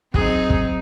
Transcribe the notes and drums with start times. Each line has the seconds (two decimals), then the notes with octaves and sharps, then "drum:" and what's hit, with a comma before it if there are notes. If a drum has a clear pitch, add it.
0.14 F#3 C4 D#4 G#4, drum: kick
0.50 drum: kick